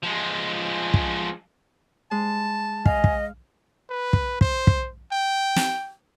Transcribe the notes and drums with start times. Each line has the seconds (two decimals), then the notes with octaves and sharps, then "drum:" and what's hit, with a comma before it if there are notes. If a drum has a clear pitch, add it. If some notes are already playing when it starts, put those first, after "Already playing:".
0.03 F3 G#3
0.94 drum: kick
2.11 G#3 A5
2.86 D#5 F5 G#5, drum: kick
3.04 drum: kick
3.90 B4
4.13 drum: kick
4.41 C5, drum: kick
4.67 drum: kick
5.12 G5
5.56 drum: snare